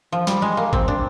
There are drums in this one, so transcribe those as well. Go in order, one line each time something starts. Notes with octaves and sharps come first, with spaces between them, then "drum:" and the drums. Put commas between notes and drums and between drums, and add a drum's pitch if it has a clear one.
F3
G3, drum: snare
G#3
A#3
C4, drum: kick G#1
D4